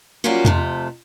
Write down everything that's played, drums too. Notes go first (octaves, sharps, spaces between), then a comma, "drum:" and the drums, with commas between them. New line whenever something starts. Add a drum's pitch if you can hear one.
F#3 G3 A#3 C#4 F4 F#4
F2 C3 A3, drum: tom E2